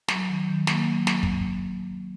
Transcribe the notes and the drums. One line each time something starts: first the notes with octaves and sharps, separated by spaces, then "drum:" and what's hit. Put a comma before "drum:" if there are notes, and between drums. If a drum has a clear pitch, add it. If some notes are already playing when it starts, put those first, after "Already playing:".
F#3, drum: snare
D#3
D#3
A#3, drum: snare
F#3
D#3, drum: snare
drum: kick